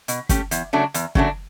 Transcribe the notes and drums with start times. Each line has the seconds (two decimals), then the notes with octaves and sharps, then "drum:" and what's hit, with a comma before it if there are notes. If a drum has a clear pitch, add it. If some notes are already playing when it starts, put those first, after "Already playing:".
0.08 B2, drum: hi-hat
0.29 A3 C#4 G4, drum: kick, hi-hat
0.51 E2, drum: hi-hat
0.73 C#3 F#3 A3 D4
0.94 E2, drum: hi-hat
1.15 C#3 F#3 A3 D4, drum: kick